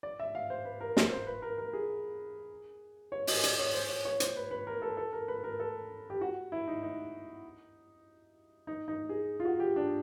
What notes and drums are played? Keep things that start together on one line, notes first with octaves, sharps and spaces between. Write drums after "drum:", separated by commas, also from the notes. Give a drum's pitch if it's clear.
D5
E5
F5
C5
B4
A#4
C5, drum: snare
C5
B4
A#4
A#4
G#4
C#5
D#5, drum: open hi-hat
D5, drum: hi-hat
C#5
C5
C#5
C#5
C5, drum: hi-hat
B4
B4
A#4
A4
A4
A#4
B4
A#4
A4
G4
F#4
E4
D#4
D#4
D#4
D#4
G#4
F4
F#4
G4
D4